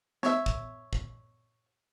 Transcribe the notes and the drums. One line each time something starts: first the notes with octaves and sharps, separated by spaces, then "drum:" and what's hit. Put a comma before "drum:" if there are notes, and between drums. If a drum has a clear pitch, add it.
C#5 E5, drum: snare
drum: kick
drum: kick